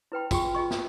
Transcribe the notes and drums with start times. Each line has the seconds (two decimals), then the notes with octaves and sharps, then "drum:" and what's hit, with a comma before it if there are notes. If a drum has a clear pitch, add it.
0.12 E4 B4 G5 B5
0.31 F4 F#4 G#4 G5 G#5 C#6, drum: kick, tambourine
0.54 F4 G#4 D#5 C#6
0.70 drum: snare